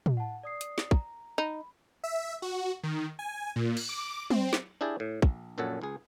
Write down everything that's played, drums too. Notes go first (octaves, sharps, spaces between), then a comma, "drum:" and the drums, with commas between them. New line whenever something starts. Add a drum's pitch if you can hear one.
drum: tom
F#5 A5
D5 D#6 C7
drum: hi-hat
drum: snare
A#5, drum: kick
D#4 B5
E5
F#4
D#3
G#5
A#2
drum: cymbal
D6
C4, drum: tom
drum: snare
D4 E4 G4 G#4 D5
A2
A#1, drum: kick
A#1 F#2 A#2 A4 C#5 F#5
C#2 G#4